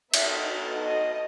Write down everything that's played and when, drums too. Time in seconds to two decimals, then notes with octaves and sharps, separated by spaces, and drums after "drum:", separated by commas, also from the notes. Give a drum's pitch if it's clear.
0.14 B3 D#4 F#4 A4 E5, drum: cymbal
0.84 D#5